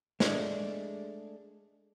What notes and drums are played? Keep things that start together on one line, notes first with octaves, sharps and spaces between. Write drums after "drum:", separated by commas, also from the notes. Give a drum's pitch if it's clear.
G#3 A3 D4, drum: snare